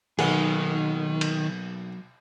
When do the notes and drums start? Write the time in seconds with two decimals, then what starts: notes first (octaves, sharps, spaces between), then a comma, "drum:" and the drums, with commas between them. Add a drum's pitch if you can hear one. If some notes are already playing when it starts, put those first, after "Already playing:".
0.19 B1 D#3 F#3 A#3 B3 G#4 B4, drum: cymbal
1.21 drum: cymbal